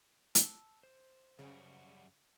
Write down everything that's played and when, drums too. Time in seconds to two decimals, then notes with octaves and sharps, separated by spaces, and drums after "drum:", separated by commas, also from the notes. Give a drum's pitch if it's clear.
0.35 A5 E6, drum: hi-hat
0.83 C5
1.39 F#2 C#3 G3 F#4